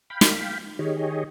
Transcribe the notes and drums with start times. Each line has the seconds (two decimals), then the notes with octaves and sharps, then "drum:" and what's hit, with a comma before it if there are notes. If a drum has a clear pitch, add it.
0.10 F5 G5 B5
0.21 drum: snare
0.79 D#3 G4 G#4 C#5 D#5